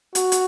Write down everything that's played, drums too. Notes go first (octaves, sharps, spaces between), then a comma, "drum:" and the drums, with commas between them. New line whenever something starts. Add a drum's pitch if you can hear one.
F#4, drum: hi-hat
drum: hi-hat